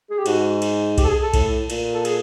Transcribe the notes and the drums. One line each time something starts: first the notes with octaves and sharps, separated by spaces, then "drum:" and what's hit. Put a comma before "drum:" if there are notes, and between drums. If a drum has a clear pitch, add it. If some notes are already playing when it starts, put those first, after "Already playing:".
G#4
G4
G#2 F#4, drum: cymbal
drum: cymbal
G4, drum: kick B1, cymbal
A4
G#4
A4
A2, drum: kick B1, cymbal
A#2, drum: cymbal
A4
G#4, drum: cymbal